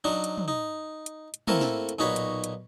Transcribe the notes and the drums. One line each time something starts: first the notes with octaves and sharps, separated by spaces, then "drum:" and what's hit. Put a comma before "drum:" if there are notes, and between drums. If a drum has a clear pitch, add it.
F#3 D4 D#4
drum: hi-hat
drum: tom
D#4
drum: hi-hat
drum: hi-hat
A3 A#3 C4 E4 A4 A#4, drum: tom
drum: snare
drum: hi-hat
B1 A#2 D#4 F#4 C#5 B5
drum: hi-hat
drum: hi-hat